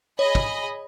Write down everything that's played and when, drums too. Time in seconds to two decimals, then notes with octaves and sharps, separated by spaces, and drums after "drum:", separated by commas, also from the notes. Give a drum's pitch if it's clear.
0.19 G#4 C#5 D#5 B5
0.35 drum: kick